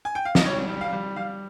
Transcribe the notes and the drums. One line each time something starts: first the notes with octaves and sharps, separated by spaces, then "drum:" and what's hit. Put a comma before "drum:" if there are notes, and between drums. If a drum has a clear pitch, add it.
G#5
G5
F5
D#5, drum: snare
G3 C#5
G3
F5
G3
G3 F5